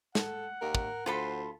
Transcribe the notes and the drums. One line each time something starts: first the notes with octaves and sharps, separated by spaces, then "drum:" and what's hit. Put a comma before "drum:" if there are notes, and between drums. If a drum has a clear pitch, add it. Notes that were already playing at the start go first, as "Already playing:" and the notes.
A4 F#5, drum: snare
D#2 A#4
drum: kick
D2 F4 A4 C5 B5